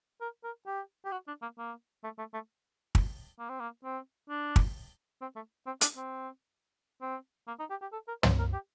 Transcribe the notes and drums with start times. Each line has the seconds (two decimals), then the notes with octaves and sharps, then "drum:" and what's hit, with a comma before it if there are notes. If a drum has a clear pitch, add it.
0.21 A#4
0.44 A#4
0.67 G4
1.05 G4
1.12 F#4
1.27 D4
1.42 A#3
1.58 A#3
2.04 A3
2.18 A3
2.34 A3
2.95 drum: kick
3.39 A#3
3.50 C4
3.60 A#3
3.84 C4
4.30 D4
4.56 drum: kick
5.21 C4
5.36 A3
5.66 C4
5.81 D4, drum: hi-hat
5.97 C4
7.02 C4
7.47 A#3
7.59 D#4
7.70 G4
7.82 G4
7.92 A4
8.08 A#4
8.23 C5, drum: tom
8.39 A#4
8.53 G4